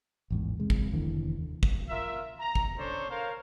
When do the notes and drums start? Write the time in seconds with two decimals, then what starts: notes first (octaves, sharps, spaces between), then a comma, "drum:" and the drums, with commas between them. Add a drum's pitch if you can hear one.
0.30 A1 E2 G#2
0.60 C3 G#3
0.70 drum: kick
0.91 F1 D#2 D3 E3
1.63 drum: kick
1.90 F4 A#4 E5
2.40 A#5
2.55 drum: kick
2.79 C#4 D4 A4 C5 C#5
3.10 A#4 C5 C#5 F5